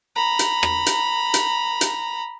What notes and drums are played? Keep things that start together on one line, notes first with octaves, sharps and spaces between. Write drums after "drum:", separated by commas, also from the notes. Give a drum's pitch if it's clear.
A#5 B5
drum: hi-hat
drum: rim click
drum: hi-hat
drum: hi-hat
drum: hi-hat